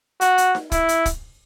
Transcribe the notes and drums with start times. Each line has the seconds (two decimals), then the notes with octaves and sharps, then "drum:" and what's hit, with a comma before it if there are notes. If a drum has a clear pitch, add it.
0.21 F#4, drum: hi-hat
0.38 drum: hi-hat
0.55 drum: snare D#4
0.72 E4, drum: kick, hi-hat
0.89 drum: hi-hat
1.06 drum: kick, hi-hat